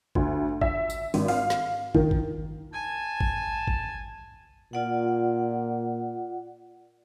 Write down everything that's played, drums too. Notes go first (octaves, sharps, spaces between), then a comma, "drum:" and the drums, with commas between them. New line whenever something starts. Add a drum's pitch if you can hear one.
D2, drum: kick
E5, drum: kick
drum: tambourine
G#1, drum: open hi-hat
F5, drum: open hi-hat
drum: snare
D#3, drum: kick
drum: kick
G#5 A5
drum: kick
drum: kick
A#2 F4 D5 F#5